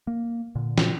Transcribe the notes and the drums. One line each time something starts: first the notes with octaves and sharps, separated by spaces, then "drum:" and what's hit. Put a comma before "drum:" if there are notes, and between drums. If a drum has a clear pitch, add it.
A#3
A#2 D3
drum: snare